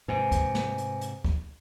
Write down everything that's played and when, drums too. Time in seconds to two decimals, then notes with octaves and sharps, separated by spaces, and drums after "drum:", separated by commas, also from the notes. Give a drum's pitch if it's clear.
0.08 G#2 C3 B4 C5 G#5
0.32 drum: kick, hi-hat
0.55 drum: snare
0.78 drum: hi-hat
1.01 drum: hi-hat
1.25 drum: kick